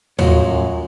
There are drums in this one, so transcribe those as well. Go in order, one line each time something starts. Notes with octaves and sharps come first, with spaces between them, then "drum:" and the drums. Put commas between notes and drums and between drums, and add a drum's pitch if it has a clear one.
F#2 A2 F3 F#3 G#3 F#4 C#5, drum: tom D#2